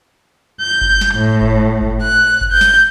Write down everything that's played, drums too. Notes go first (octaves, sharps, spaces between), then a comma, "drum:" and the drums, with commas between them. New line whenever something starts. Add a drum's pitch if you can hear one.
G6
drum: kick G1
drum: snare
A2
drum: kick G1
drum: kick G1
F#6
drum: kick G1
G6
drum: snare